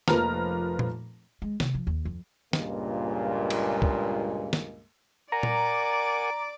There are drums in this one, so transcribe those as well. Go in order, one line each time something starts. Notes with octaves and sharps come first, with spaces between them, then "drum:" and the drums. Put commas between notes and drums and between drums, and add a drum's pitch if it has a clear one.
F1 F3 A#3 B4 A#5 F6, drum: snare
drum: tom A#2
G#3
C3, drum: snare
F3
D#2
F2
C#2 G2 A#2 G#3 A#3, drum: snare
drum: cymbal
drum: kick
drum: snare
A#4 D5 F#5 G#5 A#5 D6
drum: tom A#2